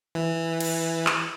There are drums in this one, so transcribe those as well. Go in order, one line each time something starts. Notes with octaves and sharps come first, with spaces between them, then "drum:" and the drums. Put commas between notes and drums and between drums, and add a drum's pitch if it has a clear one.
E3
drum: cymbal
drum: clap